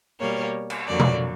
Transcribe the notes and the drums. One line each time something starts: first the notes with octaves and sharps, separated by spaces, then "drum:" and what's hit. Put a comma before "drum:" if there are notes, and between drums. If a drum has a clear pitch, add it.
B2 G3 A#3 C#5
drum: cymbal
F2 D3 F#3 A#3 D5
drum: tom B2